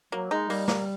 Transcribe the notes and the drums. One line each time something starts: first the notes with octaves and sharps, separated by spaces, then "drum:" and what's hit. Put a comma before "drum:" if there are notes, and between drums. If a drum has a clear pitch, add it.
F#3 A#3
G#3 D#4
G3 A#3, drum: open hi-hat
A#3, drum: snare